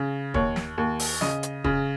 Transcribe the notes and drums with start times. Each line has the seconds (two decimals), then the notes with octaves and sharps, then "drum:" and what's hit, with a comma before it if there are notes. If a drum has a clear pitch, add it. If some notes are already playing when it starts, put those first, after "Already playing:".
Already playing: C#3
0.34 D#2 C#5, drum: kick
0.56 drum: snare
0.78 D#2
0.99 drum: open hi-hat
1.21 C#3 D#5, drum: snare
1.43 drum: hi-hat
1.64 C#3, drum: kick